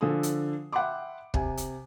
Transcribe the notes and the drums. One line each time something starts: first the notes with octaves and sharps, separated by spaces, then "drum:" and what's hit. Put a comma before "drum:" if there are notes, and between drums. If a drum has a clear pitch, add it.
D3 F3 A4 G#5 D#6
drum: hi-hat
E5 F#5 G5 B5 C6 D6
C3 G#5, drum: kick
drum: hi-hat